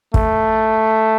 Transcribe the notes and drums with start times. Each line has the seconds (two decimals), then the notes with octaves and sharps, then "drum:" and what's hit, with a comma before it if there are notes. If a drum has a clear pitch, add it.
0.14 A3, drum: kick